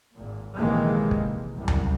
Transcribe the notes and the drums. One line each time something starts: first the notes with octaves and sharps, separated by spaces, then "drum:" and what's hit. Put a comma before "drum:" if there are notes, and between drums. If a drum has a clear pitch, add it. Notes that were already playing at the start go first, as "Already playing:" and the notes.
G#1 A#2
A#1 C3 D#3 E3 G#3 A#3
drum: kick
C2 F#2 A2 G3
drum: tom D2